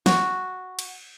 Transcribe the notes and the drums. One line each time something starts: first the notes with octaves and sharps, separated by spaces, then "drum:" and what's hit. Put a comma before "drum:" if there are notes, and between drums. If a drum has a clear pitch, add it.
F#4, drum: snare
drum: cymbal